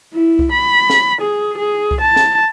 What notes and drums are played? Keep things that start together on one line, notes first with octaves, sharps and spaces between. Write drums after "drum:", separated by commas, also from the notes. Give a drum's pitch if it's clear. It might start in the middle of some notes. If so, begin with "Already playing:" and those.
E4
drum: kick C2
B5
drum: snare
G#4
G#4
drum: kick C2
A5
drum: snare